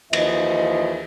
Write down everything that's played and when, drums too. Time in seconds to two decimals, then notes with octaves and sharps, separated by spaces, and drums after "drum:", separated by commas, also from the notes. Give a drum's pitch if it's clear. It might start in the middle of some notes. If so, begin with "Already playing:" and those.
0.13 D#2 E3 F3 D#5, drum: cymbal